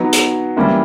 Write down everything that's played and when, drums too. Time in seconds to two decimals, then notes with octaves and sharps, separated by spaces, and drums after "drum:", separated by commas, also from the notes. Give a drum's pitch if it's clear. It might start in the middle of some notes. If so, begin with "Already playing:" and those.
Already playing: F#3 B3 D#4
0.13 drum: hi-hat
0.57 E3 G3 A#3 C#4 E4